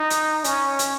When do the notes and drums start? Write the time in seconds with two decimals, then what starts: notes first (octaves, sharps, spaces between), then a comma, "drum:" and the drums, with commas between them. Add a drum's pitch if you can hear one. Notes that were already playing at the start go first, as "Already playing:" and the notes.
Already playing: D#4
0.10 drum: hi-hat
0.44 C#4, drum: hi-hat
0.79 drum: hi-hat